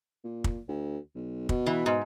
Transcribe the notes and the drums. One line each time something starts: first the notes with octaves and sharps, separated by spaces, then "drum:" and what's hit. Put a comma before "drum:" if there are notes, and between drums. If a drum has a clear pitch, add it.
A#2
drum: kick
D2
B1
B2, drum: kick
E3
G#2